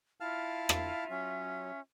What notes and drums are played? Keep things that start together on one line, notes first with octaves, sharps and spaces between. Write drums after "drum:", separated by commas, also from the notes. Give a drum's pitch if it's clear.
E4 F4 E5 F5 A5 F6
drum: rim click
F#3 C#4